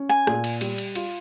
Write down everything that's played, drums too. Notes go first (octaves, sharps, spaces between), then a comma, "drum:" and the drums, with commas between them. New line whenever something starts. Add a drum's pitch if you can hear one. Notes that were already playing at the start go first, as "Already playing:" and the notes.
Already playing: C#4
G#5
A#2, drum: rim click
drum: cymbal
G3, drum: cymbal
drum: cymbal
F4, drum: cymbal